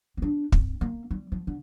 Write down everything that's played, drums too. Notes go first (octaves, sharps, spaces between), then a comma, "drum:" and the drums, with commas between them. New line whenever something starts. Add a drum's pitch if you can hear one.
C4
D4
C4, drum: kick
A#3
G3
F3
D3